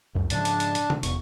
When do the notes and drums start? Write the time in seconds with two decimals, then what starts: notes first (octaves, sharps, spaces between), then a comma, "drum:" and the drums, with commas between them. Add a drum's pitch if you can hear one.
0.15 C#2 F#2
0.30 G#2 C#3 F3 D4 A5, drum: hi-hat
0.45 drum: hi-hat
0.60 drum: hi-hat
0.75 drum: hi-hat
0.90 drum: tom
1.03 E1 E2 C#6, drum: hi-hat